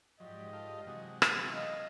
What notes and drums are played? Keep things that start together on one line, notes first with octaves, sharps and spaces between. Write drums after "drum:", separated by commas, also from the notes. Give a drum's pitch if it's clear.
G#2 F3 F#3 G4 D5 D#5
F4 A4 F5
C3 E3 F#3 G#3 F#4
drum: rim click
D#5 F5